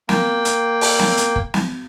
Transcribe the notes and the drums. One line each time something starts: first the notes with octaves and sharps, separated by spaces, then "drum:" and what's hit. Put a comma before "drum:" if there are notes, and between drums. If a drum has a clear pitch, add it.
A#3 G5, drum: snare
drum: hi-hat
drum: open hi-hat
drum: snare
drum: hi-hat
drum: kick
drum: snare